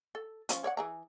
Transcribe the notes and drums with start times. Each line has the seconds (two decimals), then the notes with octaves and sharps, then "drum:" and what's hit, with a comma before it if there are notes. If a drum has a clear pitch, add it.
0.15 A4
0.49 F3 C#4, drum: hi-hat
0.64 C#5 D5 F#5
0.77 E3 G#4 A#5